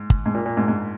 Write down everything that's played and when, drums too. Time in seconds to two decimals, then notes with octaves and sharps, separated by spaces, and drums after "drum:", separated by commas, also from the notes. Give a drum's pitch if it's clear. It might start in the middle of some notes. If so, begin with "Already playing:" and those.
Already playing: G#2
0.10 drum: kick
0.26 G#2
0.35 A#2
0.46 A#2
0.57 G#2
0.68 G#2